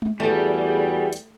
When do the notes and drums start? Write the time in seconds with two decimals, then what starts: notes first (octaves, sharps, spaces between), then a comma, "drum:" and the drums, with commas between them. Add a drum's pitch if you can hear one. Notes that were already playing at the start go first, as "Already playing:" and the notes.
0.02 drum: tom G#3
0.20 E2 G3 A3 E4 F#4 G#4
1.13 drum: hi-hat